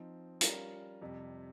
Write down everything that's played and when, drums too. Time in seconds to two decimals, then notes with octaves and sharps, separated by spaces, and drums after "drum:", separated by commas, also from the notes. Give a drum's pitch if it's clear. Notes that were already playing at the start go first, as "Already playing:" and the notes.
Already playing: F3 C4 D#4
0.41 G3 C#4 F4 A#4, drum: hi-hat
1.02 F2 C3 G3